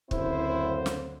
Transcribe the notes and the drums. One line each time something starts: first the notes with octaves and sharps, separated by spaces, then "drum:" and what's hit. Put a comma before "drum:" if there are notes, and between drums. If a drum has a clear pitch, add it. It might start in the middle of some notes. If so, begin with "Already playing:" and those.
F#1 D2 D3 C4 E4 C5, drum: kick
drum: snare